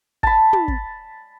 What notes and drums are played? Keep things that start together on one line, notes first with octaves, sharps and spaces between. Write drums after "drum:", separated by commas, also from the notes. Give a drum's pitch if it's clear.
A5 B5, drum: kick
drum: tom
drum: kick